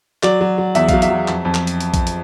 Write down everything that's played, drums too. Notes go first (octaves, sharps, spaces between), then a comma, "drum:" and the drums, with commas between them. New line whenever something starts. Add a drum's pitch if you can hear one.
F#3 D5, drum: clap
F#3
F#3
E2 E5, drum: hi-hat
F#3 F5, drum: kick, hi-hat
E5, drum: hi-hat
F#3
F2, drum: clap
F2
drum: clap
drum: hi-hat
drum: hi-hat
drum: kick, hi-hat
drum: hi-hat